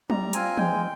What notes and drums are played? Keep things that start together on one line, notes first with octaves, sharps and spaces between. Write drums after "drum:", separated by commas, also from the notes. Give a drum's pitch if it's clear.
G3 A#5, drum: tom F#3
C4 F4 G#5, drum: hi-hat
G#3 G5, drum: tom E3